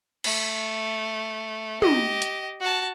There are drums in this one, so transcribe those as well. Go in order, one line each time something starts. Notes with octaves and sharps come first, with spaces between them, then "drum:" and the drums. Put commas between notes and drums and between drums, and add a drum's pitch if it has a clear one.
A3, drum: cymbal
G4 D#5, drum: tom
drum: hi-hat
F#4 A5